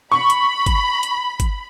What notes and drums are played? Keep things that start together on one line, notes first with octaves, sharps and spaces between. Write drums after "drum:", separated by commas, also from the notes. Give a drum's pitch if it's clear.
B5 C#6
drum: hi-hat
drum: kick G1, hi-hat
drum: hi-hat
drum: kick G1, hi-hat